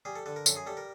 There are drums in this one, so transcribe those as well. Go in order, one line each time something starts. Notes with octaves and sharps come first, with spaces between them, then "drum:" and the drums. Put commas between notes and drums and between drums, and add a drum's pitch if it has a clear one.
G3 G#4
A4
D3 A4
A#4
F#2 A4, drum: tambourine
G#4
G3 A4
A#4